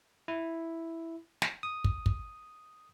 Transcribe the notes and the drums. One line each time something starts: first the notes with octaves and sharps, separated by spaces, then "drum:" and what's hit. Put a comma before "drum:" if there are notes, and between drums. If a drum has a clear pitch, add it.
E4
drum: snare
D#6
drum: kick
drum: kick